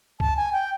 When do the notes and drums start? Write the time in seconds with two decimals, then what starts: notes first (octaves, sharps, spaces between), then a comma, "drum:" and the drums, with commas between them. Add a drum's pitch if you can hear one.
0.20 A5, drum: kick C#2
0.37 G#5
0.52 G5